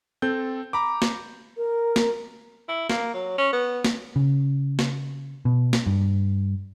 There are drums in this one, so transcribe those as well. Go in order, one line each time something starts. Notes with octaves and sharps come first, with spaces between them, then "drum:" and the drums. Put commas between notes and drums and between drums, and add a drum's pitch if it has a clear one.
C4 A4 G6
A#5 B5 D6
drum: snare
A#4
drum: snare
E4
A#3, drum: snare
F#3
C#4
B3
drum: snare
C#3
drum: snare
B2
drum: snare
G2